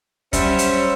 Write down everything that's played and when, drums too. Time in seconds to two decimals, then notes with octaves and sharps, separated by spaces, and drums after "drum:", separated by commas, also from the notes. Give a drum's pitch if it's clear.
0.33 F#3 G3 C#4 C5 E5, drum: kick, hi-hat
0.59 drum: hi-hat